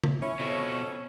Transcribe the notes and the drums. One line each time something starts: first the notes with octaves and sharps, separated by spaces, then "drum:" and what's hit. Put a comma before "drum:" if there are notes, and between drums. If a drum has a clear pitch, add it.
drum: tom C#3
C#4 E4 C#5
F2 B2 E4